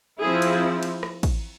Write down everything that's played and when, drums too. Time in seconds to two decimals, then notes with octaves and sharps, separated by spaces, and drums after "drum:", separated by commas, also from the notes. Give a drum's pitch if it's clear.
0.21 F3 C4 E4 G#4
0.42 drum: cymbal
0.83 drum: cymbal
1.03 drum: rim click
1.23 drum: kick, cymbal